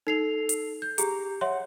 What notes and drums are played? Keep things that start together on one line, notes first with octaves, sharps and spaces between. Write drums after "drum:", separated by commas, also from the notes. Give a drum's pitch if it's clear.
D#4 A4 C7 F7
drum: hi-hat
G6
G4 G#4 A#5, drum: hi-hat
C#5 E5 F#5 C6